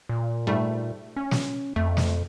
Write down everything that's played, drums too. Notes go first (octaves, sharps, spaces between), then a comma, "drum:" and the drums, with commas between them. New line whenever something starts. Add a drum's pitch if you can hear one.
A#2
G#2 G3 A3
C#4
drum: snare
F2 A3
drum: snare